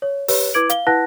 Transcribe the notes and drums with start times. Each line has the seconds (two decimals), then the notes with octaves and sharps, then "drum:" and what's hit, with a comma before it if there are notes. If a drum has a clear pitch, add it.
0.02 C#5
0.28 G4 B4 C#5, drum: open hi-hat
0.54 E4 B4 D6 G#6 D7 F#7
0.70 F5 G7, drum: hi-hat
0.87 E4 B4 F#5 A5 F#6 A#6